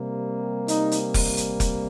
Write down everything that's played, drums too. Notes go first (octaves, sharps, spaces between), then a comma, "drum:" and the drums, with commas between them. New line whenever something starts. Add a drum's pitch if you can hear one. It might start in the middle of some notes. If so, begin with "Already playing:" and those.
Already playing: C3 G3 A#3
D#4, drum: hi-hat
drum: hi-hat
drum: kick F1, open hi-hat
drum: hi-hat
drum: kick F1, hi-hat